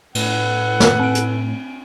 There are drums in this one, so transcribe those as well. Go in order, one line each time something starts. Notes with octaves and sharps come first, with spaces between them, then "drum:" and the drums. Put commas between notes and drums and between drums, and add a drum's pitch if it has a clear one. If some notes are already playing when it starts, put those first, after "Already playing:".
A2 A4 B4 F#5, drum: cymbal
drum: snare
C4 D7
drum: hi-hat